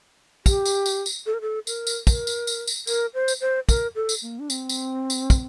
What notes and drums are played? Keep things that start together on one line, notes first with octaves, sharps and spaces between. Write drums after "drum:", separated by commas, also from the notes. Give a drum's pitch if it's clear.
G4, drum: kick, tambourine
drum: tambourine
drum: tambourine
drum: tambourine
A4
A#4
A4
A#4, drum: tambourine
drum: tambourine
A#4, drum: kick, tambourine
drum: tambourine
drum: tambourine
drum: tambourine
A#4, drum: tambourine
C5
drum: tambourine
C5
A#4, drum: kick, tambourine
A4
drum: tambourine
A#3
D4
C4, drum: tambourine
drum: tambourine
drum: tambourine
drum: kick, tambourine